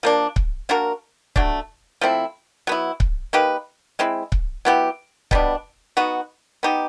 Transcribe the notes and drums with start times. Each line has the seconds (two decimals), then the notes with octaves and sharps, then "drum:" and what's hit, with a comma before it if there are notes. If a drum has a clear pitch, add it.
0.03 F3 A#3 D4
0.36 drum: kick C#1
0.69 A#3 D4 F#4 A#4
1.36 F#3 A3 D4, drum: kick C#1
2.01 F3 A3 C4 E4
2.67 F#3 B3 E4
3.00 drum: kick C#1
3.33 A#3 D#4 G4 B4
3.99 G#3 C4 E4
4.32 drum: kick C#1
4.65 F#3 B3 E4 G4
5.31 B2 G3 B3 D4, drum: kick C#1
5.97 B3 D#4 F#4
6.63 B3 D#4 G4